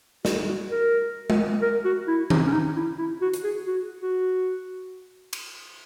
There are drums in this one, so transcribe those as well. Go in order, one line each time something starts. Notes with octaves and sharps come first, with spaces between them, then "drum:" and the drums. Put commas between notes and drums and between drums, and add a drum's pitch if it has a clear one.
F#4, drum: snare
F#4
A#4
drum: tom G#3
A#4
F#4
E4
D#4, drum: tom D#3
C#4
D#4
E4
E4
F#4
drum: hi-hat
G#4
F#4
F#4
drum: cymbal